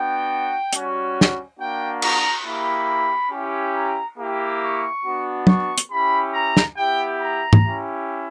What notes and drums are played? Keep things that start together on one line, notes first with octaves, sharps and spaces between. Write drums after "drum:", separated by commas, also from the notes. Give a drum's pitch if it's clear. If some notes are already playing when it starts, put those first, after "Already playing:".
Already playing: B3 D4 F#4 G5
G3 C#4 F#4, drum: hi-hat
drum: snare
A#3 D4 F#4 G5
A#5, drum: cymbal
A#3 E4 G4 B5
C#4 E4 G4
A#5
A#3 E4 G4
C#6
B3 D4 F#4
C#6, drum: tom
drum: hi-hat
C#4 E4 G4 B5
A#5
drum: snare
B3 E4 G4 G5
A#5
drum: tom G#2
C#4 E4 G4